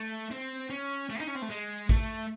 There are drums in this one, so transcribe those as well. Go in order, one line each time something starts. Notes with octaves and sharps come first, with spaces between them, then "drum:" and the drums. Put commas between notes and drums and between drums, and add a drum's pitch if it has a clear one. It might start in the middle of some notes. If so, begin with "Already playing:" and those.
Already playing: A3
C4
C#4
A3
D#4
C#4
C4
A3
G#3
A3, drum: kick A1